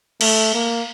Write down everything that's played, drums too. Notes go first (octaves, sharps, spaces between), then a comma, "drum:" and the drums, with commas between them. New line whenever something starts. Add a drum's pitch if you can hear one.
A3, drum: cymbal
A#3